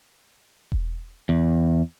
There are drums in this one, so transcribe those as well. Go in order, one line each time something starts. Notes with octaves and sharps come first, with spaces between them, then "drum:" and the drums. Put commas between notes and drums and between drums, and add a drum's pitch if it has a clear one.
drum: kick E1
E2